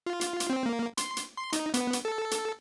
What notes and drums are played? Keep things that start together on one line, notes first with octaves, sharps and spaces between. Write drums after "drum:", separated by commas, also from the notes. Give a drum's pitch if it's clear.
F4
drum: hi-hat
drum: hi-hat
C4
A#3
C6, drum: hi-hat
drum: hi-hat
C6
D#4, drum: hi-hat
B3, drum: hi-hat
drum: hi-hat
A4
drum: hi-hat